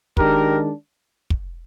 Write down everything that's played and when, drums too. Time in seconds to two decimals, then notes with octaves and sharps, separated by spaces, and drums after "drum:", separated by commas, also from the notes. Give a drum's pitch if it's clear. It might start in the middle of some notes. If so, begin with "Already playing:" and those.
0.17 D#3 G#3 D4 G4 A#4, drum: kick
1.30 drum: kick